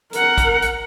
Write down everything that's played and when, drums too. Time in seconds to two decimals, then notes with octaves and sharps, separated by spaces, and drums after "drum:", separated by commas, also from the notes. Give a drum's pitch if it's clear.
0.13 A#4 F#5, drum: hi-hat
0.38 drum: kick, hi-hat
0.62 drum: hi-hat